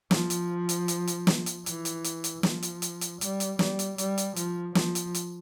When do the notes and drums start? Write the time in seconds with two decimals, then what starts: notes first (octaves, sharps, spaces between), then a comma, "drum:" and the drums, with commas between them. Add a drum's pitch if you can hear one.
0.11 F3, drum: snare
0.30 drum: hi-hat
0.69 drum: hi-hat
0.88 drum: hi-hat
1.07 drum: hi-hat
1.27 drum: snare
1.46 drum: hi-hat
1.66 E3, drum: hi-hat
1.85 drum: hi-hat
2.04 drum: hi-hat
2.24 drum: hi-hat
2.43 F3, drum: snare
2.63 drum: hi-hat
2.82 drum: hi-hat
3.01 drum: hi-hat
3.21 G3, drum: hi-hat
3.40 drum: hi-hat
3.59 G3, drum: snare
3.79 drum: hi-hat
3.98 G3, drum: hi-hat
4.18 drum: hi-hat
4.36 F3, drum: hi-hat
4.75 F3, drum: snare
4.95 drum: hi-hat
5.14 drum: hi-hat